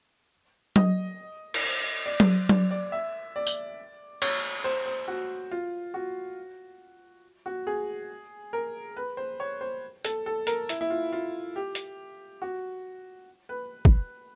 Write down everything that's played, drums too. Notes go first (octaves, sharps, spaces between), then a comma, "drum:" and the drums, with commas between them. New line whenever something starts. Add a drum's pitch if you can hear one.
D#5, drum: tom F#3
drum: cymbal
D5
drum: tom F#3
D5, drum: tom F#3
D5
E5
D5
drum: tambourine
C#5, drum: cymbal
C5
C5
F#4
F4
F#4
F#4
G#4
A#4
B4
C5
C#5
C5
A4, drum: hi-hat
A4
A#4, drum: hi-hat
E4, drum: hi-hat
E4
F4
F4
G4
drum: hi-hat
F#4
B4
drum: kick